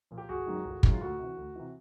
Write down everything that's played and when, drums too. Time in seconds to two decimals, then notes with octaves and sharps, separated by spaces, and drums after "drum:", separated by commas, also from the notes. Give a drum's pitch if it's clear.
0.11 A#2 F3
0.18 G4
0.29 G1 F#4 G#4
0.47 F#2 D#3 G#3
0.65 G1
0.83 F#2 D#3 G#3, drum: kick
0.92 F4
1.01 D2 F#4
1.19 C3 E3
1.37 D2
1.56 C3 E3